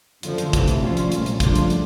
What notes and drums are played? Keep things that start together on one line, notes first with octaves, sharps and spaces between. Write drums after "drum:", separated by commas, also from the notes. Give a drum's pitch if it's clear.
F#2 D3 F3 A3, drum: hi-hat
drum: hi-hat
D2 C3 E3, drum: kick, hi-hat
drum: hi-hat
D3 F3 A3 C#4 F4
drum: hi-hat
C2 A#2 F3, drum: hi-hat
drum: hi-hat
C#3 F3 A3 D4 F4, drum: kick, hi-hat
drum: hi-hat
drum: hi-hat